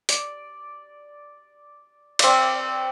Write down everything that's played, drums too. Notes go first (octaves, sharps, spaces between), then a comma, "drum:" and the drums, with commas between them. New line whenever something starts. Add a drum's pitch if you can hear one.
D5, drum: hi-hat
C4 D5, drum: cymbal